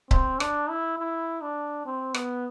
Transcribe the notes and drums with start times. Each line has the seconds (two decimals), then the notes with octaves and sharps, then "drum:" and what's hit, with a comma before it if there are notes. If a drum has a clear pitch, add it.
0.11 C4, drum: kick C#1
0.40 D4, drum: rim click
0.69 E4
0.98 E4
1.42 D4
1.86 C4
2.14 B3, drum: rim click